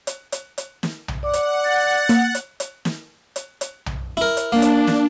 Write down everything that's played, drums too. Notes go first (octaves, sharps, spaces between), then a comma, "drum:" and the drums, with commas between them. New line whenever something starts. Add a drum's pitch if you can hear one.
drum: hi-hat
drum: hi-hat
drum: hi-hat
drum: snare
drum: tom B1
D5 F#5 D6
drum: hi-hat
A6
A#3, drum: hi-hat
drum: hi-hat
drum: hi-hat
drum: snare
drum: hi-hat
drum: hi-hat
drum: tom B1
E4 A#4
drum: hi-hat
A#3 D4
drum: hi-hat
drum: snare